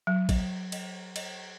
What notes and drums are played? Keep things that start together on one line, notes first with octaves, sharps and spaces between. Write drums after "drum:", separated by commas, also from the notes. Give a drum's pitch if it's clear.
F#3
drum: kick, cymbal
drum: cymbal
drum: cymbal